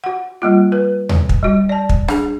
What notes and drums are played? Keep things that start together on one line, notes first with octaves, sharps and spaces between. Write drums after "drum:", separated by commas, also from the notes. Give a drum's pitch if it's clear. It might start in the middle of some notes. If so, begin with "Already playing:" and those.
F#4 F#5
G3 A#3 F4
B4
drum: tom D#2
drum: kick
G3 F#4
D5 A5
drum: kick
D4 G#4, drum: rim click